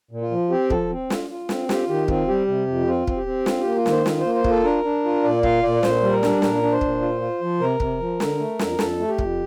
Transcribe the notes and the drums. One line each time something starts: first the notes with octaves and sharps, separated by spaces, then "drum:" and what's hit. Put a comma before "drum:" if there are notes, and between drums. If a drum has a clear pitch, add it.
A#2
F4
F3
C4 G4
F3 A4, drum: kick
C4
F4, drum: snare
F4
C4, drum: snare
F4 G4, drum: snare
D#3 G4
C4 F4, drum: kick
G3 G4
C3
F2
C4 F4
C4, drum: kick
G4
C4
F4, drum: snare
A#3 G4
F4
D#3, drum: snare
C5
F4, drum: snare
C5
A#3
C5
F4, drum: kick
A4
D4 A#4
D4
F4
A#2 D5
F4 F5, drum: kick
A#2 D5
A#2 C5, drum: snare
G3
A#4
D4, drum: snare
A#2 A#4, drum: snare
D4
C5
A#2, drum: kick
F4
F4
F3
C3 A#4
C3, drum: kick
F3
D3, drum: snare
A3
F2, drum: snare
F2 A4, drum: snare
A3
G4
F2, drum: kick